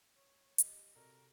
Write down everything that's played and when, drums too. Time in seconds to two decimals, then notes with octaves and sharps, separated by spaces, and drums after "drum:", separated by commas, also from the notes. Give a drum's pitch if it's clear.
0.15 C#5
0.58 G4 D#5, drum: hi-hat
0.95 C3 F#4 A4 A#4 D5